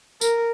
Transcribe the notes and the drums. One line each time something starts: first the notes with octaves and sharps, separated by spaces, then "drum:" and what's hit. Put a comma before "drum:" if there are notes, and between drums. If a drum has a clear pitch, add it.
A#4, drum: tambourine